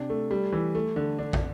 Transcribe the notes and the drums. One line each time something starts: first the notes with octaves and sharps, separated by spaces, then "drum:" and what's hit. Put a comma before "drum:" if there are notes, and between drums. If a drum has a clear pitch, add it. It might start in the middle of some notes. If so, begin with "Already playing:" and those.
Already playing: C3 D4
A3
G3
E3
A3
D3
D4
drum: kick